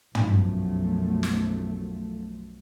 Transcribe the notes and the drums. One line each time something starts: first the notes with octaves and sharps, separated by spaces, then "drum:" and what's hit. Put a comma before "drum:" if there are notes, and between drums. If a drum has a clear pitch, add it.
B1 F#2 F3 A3, drum: tom
drum: snare